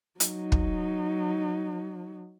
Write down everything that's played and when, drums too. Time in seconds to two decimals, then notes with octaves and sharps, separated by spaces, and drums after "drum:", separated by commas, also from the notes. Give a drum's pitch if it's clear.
0.20 F#3 D#4, drum: hi-hat
0.52 drum: kick